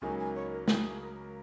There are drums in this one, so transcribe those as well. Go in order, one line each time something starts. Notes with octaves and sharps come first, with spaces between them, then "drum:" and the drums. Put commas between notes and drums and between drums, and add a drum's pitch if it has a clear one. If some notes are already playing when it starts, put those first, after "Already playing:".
C#2 C#3 F#3 A#3 D#4 G#5
G#5
C#5
A#4
G#4, drum: snare
A#4